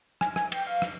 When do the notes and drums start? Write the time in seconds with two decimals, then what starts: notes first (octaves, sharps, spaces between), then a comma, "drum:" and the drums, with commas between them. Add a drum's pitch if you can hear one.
0.21 G#5, drum: rim click
0.36 G#5, drum: rim click
0.52 G5, drum: cymbal
0.67 F5
0.82 drum: rim click